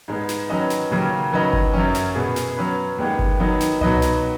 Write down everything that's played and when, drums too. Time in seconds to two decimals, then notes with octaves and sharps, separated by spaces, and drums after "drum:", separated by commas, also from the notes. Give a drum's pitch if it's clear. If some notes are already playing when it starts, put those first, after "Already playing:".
0.08 G#2 G#3 B3
0.29 drum: snare
0.50 D#3 F#3 C#4 B4 D#5
0.70 drum: snare
0.91 D#2 C#3 F#3 C#4
1.32 D#3 F#3 C#4 B4 D#5
1.53 drum: kick G1
1.73 F#2 F#3 C#4
1.95 drum: snare
2.16 B2 B3 G#4
2.36 drum: snare
2.57 F#3 C#4 B4
2.98 D#2 D#3 G#3 B3
3.19 drum: kick G1
3.40 D#3 F#3 B3 D#4
3.60 drum: snare
3.81 B2 F#3 D#4 B4 D#5, drum: tom C2
4.02 drum: snare